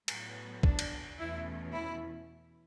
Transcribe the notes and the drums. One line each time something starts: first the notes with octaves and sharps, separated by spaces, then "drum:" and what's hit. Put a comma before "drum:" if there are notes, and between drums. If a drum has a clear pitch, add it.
A2 F#3 B3, drum: cymbal
D4, drum: kick B1
drum: cymbal
E2 B2 A3 C#4 E4
E4